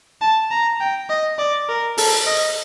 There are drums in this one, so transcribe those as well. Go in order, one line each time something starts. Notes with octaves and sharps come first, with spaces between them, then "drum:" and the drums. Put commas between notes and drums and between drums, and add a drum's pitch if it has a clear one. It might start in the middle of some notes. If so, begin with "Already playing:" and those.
A5
A#5
G5
D#5
D5
A#4
A4, drum: open hi-hat
D#5